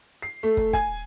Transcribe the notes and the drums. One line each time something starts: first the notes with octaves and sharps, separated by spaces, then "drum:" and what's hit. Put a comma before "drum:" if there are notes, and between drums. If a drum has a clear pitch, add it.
C7
A3
drum: kick
G#5, drum: kick